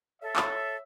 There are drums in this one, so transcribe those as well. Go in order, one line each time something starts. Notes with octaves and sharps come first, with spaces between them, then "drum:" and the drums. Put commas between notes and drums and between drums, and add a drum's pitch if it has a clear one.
A4 C#5 E5
drum: clap